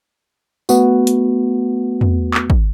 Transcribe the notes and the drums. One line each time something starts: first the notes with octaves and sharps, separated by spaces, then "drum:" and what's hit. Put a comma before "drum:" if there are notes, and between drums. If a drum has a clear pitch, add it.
A3 B3 F#4, drum: tambourine
drum: hi-hat
drum: tom
drum: clap
drum: kick